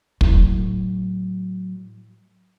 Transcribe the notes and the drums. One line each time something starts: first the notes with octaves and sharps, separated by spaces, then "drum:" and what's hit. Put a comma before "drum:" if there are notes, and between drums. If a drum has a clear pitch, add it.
A2 F#3, drum: kick